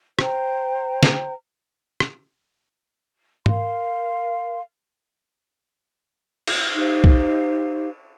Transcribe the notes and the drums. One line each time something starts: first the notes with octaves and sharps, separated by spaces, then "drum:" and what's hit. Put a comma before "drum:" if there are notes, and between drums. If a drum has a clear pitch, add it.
C5 G5 A#5, drum: rim click
drum: snare
drum: rim click
A#4 F5 C6, drum: tom
drum: cymbal
D#4 G4 C5 F5
drum: kick B1